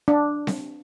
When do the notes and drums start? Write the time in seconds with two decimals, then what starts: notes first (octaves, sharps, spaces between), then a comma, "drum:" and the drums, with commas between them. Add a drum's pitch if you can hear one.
0.08 D4
0.47 drum: snare C4